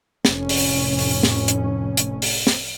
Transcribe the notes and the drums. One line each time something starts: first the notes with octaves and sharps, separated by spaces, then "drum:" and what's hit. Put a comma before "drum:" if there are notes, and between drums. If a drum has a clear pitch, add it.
F1 A2 C#4, drum: snare
drum: open hi-hat
drum: open hi-hat
drum: snare
drum: hi-hat
drum: hi-hat
drum: open hi-hat
drum: snare